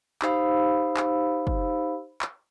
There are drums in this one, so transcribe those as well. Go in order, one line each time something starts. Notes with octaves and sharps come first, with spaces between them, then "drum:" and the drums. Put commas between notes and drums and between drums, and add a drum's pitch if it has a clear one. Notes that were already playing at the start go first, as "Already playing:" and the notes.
D#4 G4 C5 F5 B5 E6, drum: clap
drum: clap
drum: kick
drum: clap